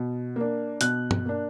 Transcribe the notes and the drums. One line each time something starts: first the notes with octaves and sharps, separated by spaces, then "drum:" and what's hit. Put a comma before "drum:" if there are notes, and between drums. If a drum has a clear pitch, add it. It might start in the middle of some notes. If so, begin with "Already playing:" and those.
Already playing: B2
A#3 D4
B2 F#6, drum: hi-hat
drum: tom G2
A#3 D4